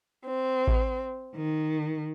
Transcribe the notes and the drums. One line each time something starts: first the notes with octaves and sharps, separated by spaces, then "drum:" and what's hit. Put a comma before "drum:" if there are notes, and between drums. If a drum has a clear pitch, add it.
C4
drum: kick A1
D#3